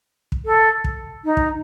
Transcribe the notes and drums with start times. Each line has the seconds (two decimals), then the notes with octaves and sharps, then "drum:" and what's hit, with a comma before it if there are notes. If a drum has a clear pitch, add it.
0.32 drum: kick
0.45 A4
0.84 drum: kick
1.24 D#4
1.37 drum: kick